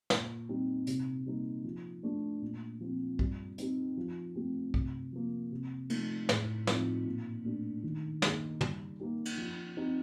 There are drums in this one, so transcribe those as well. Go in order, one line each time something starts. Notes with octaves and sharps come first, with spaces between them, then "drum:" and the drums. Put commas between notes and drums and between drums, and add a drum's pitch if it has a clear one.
A#2, drum: snare
G3 C4 D#4 G4
C3, drum: hi-hat
G3 A#3 D#4
F3
A3 D4
A#2
F3 C4 F4
G3, drum: kick B1
C4 D#4 G4, drum: hi-hat
F3
A3 C4 G4
C3, drum: kick B1
F3 A#3
C3
F3 A3 D#4, drum: cymbal
A2, drum: snare
F3 C4 D#4, drum: snare
A#2
A3 D4
D#3
A#3 D#4 G4, drum: snare
G3, drum: tom
A#3 D#4 G4
drum: cymbal
F3
C4 D#4 G4